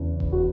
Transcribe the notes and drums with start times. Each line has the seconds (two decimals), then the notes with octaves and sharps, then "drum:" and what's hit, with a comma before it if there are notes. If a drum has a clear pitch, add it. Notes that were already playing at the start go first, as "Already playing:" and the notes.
Already playing: E2 C#3 E3 C#4
0.20 drum: kick E1
0.32 F#4